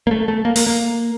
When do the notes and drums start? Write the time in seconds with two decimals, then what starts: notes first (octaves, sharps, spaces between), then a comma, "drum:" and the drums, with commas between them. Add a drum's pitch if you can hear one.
0.07 A#3
0.11 A3
0.28 A3
0.45 A#3
0.56 A#3, drum: open hi-hat
0.67 A#3